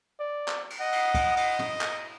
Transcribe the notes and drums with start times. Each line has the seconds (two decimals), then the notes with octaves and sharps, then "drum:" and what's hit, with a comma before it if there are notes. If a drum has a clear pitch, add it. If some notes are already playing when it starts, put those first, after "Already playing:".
0.20 D5
0.48 drum: clap
0.70 drum: cymbal
0.80 D#5 F#5
0.92 drum: cymbal
1.15 drum: kick, cymbal
1.37 D#5, drum: cymbal
1.59 drum: tom
1.81 drum: clap